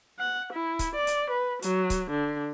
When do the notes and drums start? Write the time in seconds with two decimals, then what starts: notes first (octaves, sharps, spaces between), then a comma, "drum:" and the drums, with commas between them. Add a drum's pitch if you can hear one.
0.19 F#5
0.53 E4
0.79 drum: kick C#1, hi-hat
0.95 D5
1.07 drum: hi-hat
1.30 B4
1.62 F#3, drum: hi-hat
1.90 drum: kick C#1, hi-hat
2.10 D3